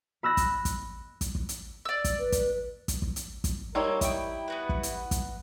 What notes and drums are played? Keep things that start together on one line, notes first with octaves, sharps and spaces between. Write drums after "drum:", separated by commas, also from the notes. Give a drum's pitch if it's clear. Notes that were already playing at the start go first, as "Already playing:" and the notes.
B5 E6 F#6 A#6
drum: kick, hi-hat
drum: kick, hi-hat
drum: kick, hi-hat
drum: kick
drum: hi-hat
D5 E6
drum: kick, hi-hat
B4
drum: kick, hi-hat
drum: kick, hi-hat
drum: kick
drum: hi-hat
drum: kick, hi-hat
G3 A#3 D#4 A4 A#4 C#5 C6
E4 G5 C#6 D#6, drum: kick, hi-hat
B3 F#4 B4
drum: kick
drum: hi-hat
drum: kick, hi-hat